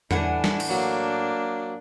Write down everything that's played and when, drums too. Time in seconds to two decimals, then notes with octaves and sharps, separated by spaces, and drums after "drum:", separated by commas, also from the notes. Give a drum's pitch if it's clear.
0.11 A2 E3 D4 F#5 G#5, drum: tom E2
0.44 drum: snare
0.60 drum: cymbal
0.70 F#3 A#3 D4